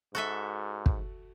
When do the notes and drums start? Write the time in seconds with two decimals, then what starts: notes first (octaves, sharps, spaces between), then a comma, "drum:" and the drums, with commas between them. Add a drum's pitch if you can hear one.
0.15 G#2 F#4 A4 E5
0.86 drum: kick